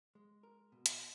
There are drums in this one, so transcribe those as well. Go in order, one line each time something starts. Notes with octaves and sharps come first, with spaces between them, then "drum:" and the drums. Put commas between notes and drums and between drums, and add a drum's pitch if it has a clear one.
G#3
A#4
B2
drum: hi-hat